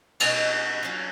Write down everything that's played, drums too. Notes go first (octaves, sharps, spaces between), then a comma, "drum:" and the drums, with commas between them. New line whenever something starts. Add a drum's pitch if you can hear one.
B2 G#3 B3 D#4, drum: cymbal
F#3 C#4 F4